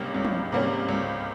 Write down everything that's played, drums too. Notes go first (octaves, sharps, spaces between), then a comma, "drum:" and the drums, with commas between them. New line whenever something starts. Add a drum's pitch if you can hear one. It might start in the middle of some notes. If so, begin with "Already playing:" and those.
Already playing: C#2 C3 G3 A#3 C#4
C#2
drum: tom
C3 G3 A#3 C#4
C#2